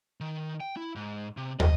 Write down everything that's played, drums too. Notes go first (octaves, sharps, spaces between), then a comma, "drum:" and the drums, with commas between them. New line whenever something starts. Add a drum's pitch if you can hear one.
D#3
G5
E4
G#2
C3
D#5, drum: tom